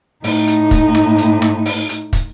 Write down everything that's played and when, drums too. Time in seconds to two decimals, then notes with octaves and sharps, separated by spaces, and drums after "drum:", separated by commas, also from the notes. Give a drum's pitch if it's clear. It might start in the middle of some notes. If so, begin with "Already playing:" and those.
0.24 A2 D#4, drum: open hi-hat
0.47 drum: hi-hat
0.71 drum: kick, hi-hat
0.95 drum: rim click
1.18 drum: hi-hat
1.42 drum: rim click
1.65 drum: open hi-hat
1.89 drum: hi-hat
2.13 drum: kick, hi-hat